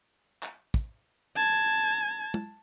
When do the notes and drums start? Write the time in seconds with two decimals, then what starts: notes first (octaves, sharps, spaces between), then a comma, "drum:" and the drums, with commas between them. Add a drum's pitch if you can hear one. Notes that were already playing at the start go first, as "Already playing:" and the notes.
0.43 drum: clap
0.74 drum: kick
1.36 A5 G#6
2.34 drum: tom